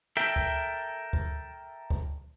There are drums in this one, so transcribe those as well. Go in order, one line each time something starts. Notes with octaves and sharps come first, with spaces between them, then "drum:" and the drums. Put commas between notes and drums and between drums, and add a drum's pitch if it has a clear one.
A4 A#4 E5 G5
drum: kick
drum: kick
drum: kick